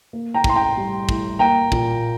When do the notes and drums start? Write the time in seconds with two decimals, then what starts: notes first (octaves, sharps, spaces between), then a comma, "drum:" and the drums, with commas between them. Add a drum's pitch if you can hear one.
0.13 A#3
0.34 G5 A#5
0.44 A2, drum: kick
0.49 C6
0.56 G5 A#5
0.77 G3
1.09 A2, drum: kick
1.39 A#3 G5 A#5
1.72 A#2, drum: kick